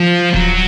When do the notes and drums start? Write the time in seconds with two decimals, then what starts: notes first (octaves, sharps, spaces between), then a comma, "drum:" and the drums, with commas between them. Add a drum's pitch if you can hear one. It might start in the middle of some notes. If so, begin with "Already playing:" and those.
Already playing: F3
0.34 F#3, drum: kick D1